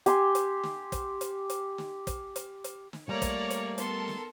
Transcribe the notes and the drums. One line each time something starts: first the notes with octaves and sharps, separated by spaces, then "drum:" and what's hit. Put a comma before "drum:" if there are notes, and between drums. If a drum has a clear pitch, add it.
G4 G#5 C6, drum: hi-hat
drum: hi-hat
drum: snare
drum: kick, hi-hat
drum: hi-hat
drum: hi-hat
drum: snare
drum: kick, hi-hat
drum: hi-hat
drum: hi-hat
drum: snare
G3 A3 A#3 C#5 D5 A#5
drum: kick, hi-hat
drum: hi-hat
B3 A4 A#4 C6, drum: hi-hat
drum: snare